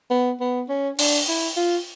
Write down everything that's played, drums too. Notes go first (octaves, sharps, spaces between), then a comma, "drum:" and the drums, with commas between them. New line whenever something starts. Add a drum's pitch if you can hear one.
B3
B3
C#4
D4, drum: open hi-hat
E4
F4